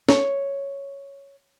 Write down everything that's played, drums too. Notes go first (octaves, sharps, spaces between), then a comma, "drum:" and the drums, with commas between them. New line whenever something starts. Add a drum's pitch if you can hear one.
C#5, drum: snare